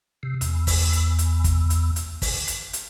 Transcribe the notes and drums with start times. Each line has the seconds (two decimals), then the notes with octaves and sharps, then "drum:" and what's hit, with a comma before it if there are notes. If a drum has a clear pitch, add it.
0.23 C3
0.41 E2, drum: hi-hat
0.67 drum: kick, open hi-hat
0.93 drum: hi-hat
1.19 drum: hi-hat
1.44 drum: kick, hi-hat
1.70 drum: hi-hat
1.96 drum: hi-hat
2.22 drum: kick, open hi-hat
2.48 drum: hi-hat
2.73 drum: hi-hat